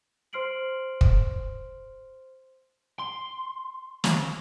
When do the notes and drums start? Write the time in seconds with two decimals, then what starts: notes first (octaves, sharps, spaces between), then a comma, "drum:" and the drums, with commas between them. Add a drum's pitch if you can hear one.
0.33 C5 C6 F6 C7 D7 F#7
1.01 drum: kick
3.00 C6
4.04 drum: snare